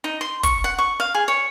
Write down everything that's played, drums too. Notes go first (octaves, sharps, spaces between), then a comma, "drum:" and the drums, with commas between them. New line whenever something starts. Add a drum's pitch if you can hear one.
D#4
C6
C#6, drum: kick, hi-hat
F#5
C#6
F5
G#4
C#5